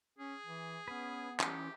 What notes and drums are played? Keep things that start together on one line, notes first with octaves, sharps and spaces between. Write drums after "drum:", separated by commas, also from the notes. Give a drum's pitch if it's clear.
C#4 G#4
E3
B3 C#4 B4
E3 C#4 G4 D#6, drum: clap